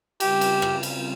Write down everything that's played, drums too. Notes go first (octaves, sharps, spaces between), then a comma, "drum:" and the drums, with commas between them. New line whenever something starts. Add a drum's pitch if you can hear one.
C#3 G3 C4 F4 G4, drum: cymbal
drum: cymbal
drum: rim click
drum: cymbal